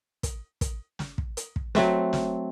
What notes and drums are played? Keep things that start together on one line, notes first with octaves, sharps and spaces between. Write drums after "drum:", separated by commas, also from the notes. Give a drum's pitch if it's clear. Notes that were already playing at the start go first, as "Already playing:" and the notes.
drum: kick, hi-hat
drum: kick, hi-hat
drum: snare
drum: kick
drum: hi-hat
drum: kick
F#3 A3 C4, drum: snare
drum: snare